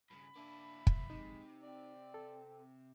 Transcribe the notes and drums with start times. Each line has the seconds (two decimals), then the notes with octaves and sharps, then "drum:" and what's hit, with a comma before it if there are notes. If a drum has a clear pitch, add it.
0.10 G2 C#3 B5
0.35 A#3 D4 E4
0.87 drum: kick
1.10 C3 G#3 D#4
1.63 C4 D5
2.14 A4